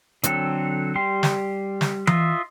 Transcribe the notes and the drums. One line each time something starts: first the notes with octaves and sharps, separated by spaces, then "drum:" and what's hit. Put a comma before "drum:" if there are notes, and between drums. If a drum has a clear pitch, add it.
D3 F#3 C4 A4, drum: hi-hat
G3 G4 C6
drum: snare
drum: snare
F4 D#5 E5, drum: tom E3